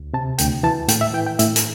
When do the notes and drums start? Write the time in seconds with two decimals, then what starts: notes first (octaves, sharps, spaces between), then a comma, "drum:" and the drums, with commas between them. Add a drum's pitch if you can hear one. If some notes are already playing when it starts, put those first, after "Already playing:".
Already playing: D2
0.13 C3 A5
0.38 D2 G5, drum: hi-hat
0.63 E3 A5
0.88 A2 G5, drum: hi-hat
1.01 E5
1.13 E3 G5
1.27 G5
1.39 A2 E5, drum: hi-hat
1.56 drum: hi-hat